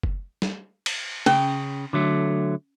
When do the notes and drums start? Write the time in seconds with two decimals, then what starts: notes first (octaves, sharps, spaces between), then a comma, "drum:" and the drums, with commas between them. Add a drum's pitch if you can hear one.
0.03 drum: kick F#1
0.42 drum: snare
0.86 drum: cymbal
1.26 C#3 C#4 G5, drum: cymbal
1.93 D3 F#3 A3